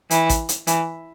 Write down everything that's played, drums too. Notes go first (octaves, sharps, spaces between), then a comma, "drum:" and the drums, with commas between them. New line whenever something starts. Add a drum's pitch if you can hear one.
E3, drum: hi-hat
drum: kick A1, hi-hat
drum: hi-hat
E3, drum: hi-hat